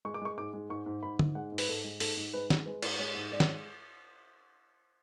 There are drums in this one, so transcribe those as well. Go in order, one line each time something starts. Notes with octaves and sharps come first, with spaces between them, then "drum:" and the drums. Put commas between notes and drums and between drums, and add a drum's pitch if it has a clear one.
G#3 C#6
D6
G#3 C#6
G#2 D6
G#3
G#2 C#6
G#2
G#2 B5
G#2, drum: tom
G#3 F#5
G#2
B4, drum: open hi-hat
G#2 A4
G#3
G#2 A4, drum: open hi-hat
G#2
G#3 B4
G#3, drum: snare
G#3 B4
G#2, drum: cymbal
G#3 C#5
G#2
G#3 D5
C#5, drum: snare